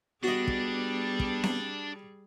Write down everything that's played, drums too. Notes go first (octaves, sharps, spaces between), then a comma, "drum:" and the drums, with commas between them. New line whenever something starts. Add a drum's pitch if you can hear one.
G3 B3 D4 F#4 G#4 D#5
drum: kick
drum: kick
drum: snare C4